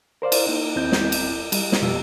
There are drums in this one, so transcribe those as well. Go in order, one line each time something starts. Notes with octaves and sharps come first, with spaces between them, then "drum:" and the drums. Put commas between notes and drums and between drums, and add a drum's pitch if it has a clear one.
A#4 C5 D5 F5
drum: cymbal
A#3 D#4
D#2 C4 E4 D#5 G6
drum: snare
drum: cymbal
G3, drum: cymbal
drum: snare
F2 B2 F3 F4 G4 E6